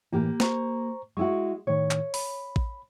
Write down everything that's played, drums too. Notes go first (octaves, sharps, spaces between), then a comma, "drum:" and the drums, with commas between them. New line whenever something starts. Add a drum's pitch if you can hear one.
A2 E3 A#3 G4 A#4
C5 A#5 C#6, drum: snare
G#3 E4 F#4 C#6
A2 D#3 C#5
drum: clap
B5, drum: open hi-hat
drum: kick A1